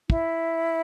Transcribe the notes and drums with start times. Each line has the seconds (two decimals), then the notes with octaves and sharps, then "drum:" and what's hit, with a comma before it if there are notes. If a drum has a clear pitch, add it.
0.10 E4, drum: kick